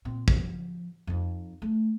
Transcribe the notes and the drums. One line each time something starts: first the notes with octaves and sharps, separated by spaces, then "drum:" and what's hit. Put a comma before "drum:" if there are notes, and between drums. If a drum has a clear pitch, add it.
A#2 C4
F3, drum: kick
F2 D#4
A3